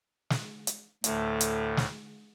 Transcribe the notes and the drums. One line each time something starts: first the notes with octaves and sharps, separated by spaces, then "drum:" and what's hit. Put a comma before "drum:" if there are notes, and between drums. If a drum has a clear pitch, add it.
drum: snare
drum: hi-hat
D2 A2 A3, drum: hi-hat
drum: hi-hat
drum: snare